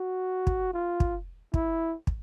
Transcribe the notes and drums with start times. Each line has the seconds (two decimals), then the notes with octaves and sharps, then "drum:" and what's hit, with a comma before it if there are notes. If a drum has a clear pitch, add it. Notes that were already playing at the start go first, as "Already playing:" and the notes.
Already playing: F#4
0.47 drum: kick
0.74 F4
1.00 drum: kick
1.54 E4, drum: kick
2.07 drum: kick